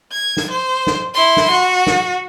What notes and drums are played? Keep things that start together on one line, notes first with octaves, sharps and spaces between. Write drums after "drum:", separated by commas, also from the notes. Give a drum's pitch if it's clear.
G#6
drum: snare
C5
drum: snare
E4 C6
drum: snare
F#4
drum: snare